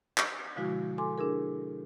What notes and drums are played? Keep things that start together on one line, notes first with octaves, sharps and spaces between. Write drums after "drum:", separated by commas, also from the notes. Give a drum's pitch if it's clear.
drum: clap
B2 D3 F3 G#3 E4 F#4
A4 G#5 C6 D6
D4 E4 G#4 A#4